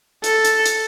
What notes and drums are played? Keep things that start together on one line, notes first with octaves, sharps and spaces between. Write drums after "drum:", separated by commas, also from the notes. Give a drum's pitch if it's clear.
A4, drum: hi-hat
drum: hi-hat
drum: hi-hat